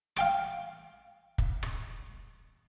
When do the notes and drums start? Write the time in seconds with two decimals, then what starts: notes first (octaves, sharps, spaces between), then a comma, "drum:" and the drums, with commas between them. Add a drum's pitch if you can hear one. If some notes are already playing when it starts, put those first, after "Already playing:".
0.17 F5 G5 D6, drum: rim click
1.38 drum: kick
1.63 drum: rim click